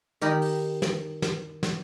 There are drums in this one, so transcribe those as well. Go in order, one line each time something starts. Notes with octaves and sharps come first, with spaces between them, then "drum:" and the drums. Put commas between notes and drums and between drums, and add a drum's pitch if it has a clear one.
D#3 G4 A#4 D#5 B5
drum: open hi-hat
drum: snare
drum: snare
drum: snare